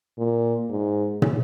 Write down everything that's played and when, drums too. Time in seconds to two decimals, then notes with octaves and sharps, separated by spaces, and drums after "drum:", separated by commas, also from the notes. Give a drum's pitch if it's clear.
0.18 A#2
0.70 G#2
1.22 drum: tom